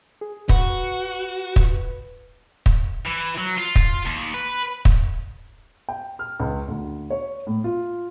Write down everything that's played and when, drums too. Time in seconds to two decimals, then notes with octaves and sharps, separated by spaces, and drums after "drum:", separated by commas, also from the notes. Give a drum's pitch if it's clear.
0.21 G#4
0.49 F#4 B4, drum: kick
1.56 drum: kick
2.66 drum: kick
3.05 E3
3.38 F#3
3.58 F4
3.76 drum: kick
4.06 D#2
4.34 B4
4.85 drum: kick
5.89 G5
6.19 F6
6.40 C#2
6.68 D2
7.10 C#5
7.47 A2
7.64 F4